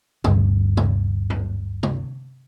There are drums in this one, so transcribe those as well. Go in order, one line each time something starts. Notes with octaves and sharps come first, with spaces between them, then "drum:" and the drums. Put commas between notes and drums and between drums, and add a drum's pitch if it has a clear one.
G1 D2 G2, drum: tom C3
drum: tom C3
drum: tom
drum: tom C3